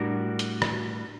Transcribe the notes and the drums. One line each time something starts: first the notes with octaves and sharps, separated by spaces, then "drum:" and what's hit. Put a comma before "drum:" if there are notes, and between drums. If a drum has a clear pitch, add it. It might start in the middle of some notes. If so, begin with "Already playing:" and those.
Already playing: A2 G3 D4 F#4 A#4
drum: hi-hat
drum: rim click